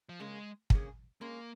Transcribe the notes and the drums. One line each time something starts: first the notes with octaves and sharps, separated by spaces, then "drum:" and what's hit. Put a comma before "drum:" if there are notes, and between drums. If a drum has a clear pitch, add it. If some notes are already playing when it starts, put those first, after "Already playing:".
F3
C#3 G#3 A#3 C#4 G#4
C#3 A#3 C#4 G#4, drum: kick
G#3 A#3 C#4 A#4